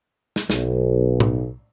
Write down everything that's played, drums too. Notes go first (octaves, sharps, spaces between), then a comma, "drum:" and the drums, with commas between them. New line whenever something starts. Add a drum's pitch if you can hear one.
drum: snare
B1, drum: snare
drum: tom A2